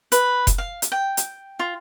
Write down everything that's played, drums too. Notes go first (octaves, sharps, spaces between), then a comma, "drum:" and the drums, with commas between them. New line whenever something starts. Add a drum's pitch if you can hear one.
B4, drum: hi-hat
drum: kick F1, hi-hat
F5
drum: hi-hat
G5
drum: hi-hat
F4